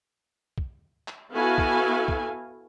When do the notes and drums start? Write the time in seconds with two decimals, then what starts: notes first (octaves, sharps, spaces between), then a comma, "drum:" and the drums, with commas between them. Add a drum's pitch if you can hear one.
0.58 drum: kick
1.08 drum: clap
1.33 B3 E4 F#4 A4 F5 G#5
1.58 drum: kick
2.08 drum: kick